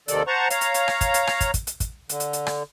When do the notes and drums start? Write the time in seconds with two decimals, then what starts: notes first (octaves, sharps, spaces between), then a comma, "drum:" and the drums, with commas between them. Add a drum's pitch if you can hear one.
0.08 D#2 C3 D#3 A4 D5, drum: hi-hat
0.27 C5 F#5 A5 A#5 C#6
0.50 C#5 F5 A#5, drum: hi-hat
0.61 drum: hi-hat
0.74 drum: hi-hat
0.88 drum: rim click
1.01 drum: kick, hi-hat
1.14 drum: hi-hat
1.27 drum: rim click
1.41 drum: kick, hi-hat
1.54 drum: kick, hi-hat
1.67 drum: hi-hat
1.80 drum: kick, hi-hat
2.09 D3, drum: hi-hat
2.20 drum: hi-hat
2.33 drum: hi-hat
2.47 drum: rim click